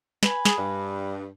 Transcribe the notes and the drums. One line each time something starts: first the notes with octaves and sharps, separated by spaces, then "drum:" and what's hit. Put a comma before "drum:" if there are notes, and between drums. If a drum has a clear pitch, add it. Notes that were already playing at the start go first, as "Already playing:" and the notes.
B4 G#5, drum: snare
G#4, drum: snare
G2